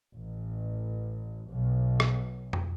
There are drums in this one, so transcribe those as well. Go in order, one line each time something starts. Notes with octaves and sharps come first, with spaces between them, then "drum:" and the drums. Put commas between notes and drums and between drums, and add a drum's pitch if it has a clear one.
A1
B1
drum: rim click
drum: tom F2